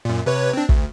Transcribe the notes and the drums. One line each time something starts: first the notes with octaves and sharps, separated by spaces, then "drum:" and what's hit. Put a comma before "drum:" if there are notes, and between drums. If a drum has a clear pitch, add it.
F#2 A#2
C3 B4 C#5
C4 D4
D2, drum: kick